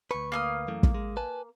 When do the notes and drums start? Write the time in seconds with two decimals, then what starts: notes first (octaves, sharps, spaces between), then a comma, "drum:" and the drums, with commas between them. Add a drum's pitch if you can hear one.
0.11 D2 B4 C#6
0.32 A#3 D#6 F6
0.68 F#2 E3 A3
0.83 drum: kick
0.94 G#3
1.17 B4 G#5 A5